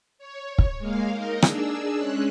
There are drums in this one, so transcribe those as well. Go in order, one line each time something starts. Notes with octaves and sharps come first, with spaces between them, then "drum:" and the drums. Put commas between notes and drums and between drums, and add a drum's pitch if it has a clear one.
C#5
drum: kick
G#3 A#3 F5
D#4 A#4 D#5
D4 G#4 E6, drum: rim click
G#3 C#4 F#6